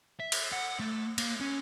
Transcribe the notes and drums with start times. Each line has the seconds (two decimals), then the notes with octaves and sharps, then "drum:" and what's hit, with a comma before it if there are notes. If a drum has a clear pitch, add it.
0.20 E5
0.32 drum: cymbal
0.53 F#5
0.80 A3
1.18 A#3, drum: cymbal
1.40 C#4